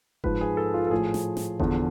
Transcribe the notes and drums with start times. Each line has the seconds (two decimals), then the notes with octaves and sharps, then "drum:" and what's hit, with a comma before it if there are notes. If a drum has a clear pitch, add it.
0.24 G#2 F3 B4, drum: kick F#1
0.41 G#4
0.57 A4
0.74 F4
0.87 A4
0.91 A2 F3 G#4
1.14 drum: snare
1.37 drum: snare
1.60 E2 D3 F3, drum: kick F#1